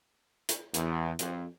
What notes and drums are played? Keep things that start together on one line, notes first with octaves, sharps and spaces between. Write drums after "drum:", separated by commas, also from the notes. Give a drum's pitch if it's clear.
drum: hi-hat
E2, drum: hi-hat
F2, drum: hi-hat